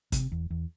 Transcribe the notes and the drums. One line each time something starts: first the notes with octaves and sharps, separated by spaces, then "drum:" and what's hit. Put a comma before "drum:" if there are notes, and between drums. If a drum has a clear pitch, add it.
C3, drum: kick, hi-hat
E2
E2